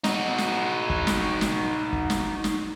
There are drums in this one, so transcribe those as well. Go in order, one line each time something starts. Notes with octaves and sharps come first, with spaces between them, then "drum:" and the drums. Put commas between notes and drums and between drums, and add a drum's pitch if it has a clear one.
D#4 F#4, drum: snare
drum: snare
drum: kick
drum: snare
drum: snare
drum: kick
drum: snare
drum: snare